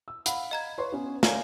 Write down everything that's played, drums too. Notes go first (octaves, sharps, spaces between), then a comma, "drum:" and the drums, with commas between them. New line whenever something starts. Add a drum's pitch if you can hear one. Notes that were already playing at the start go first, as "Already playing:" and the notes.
E6
F5 F#5 B5, drum: hi-hat
D#5 A#5 G#6
B4 C#5 C6
B3 C#4
C#5 D5 F5 G#5 A#5, drum: snare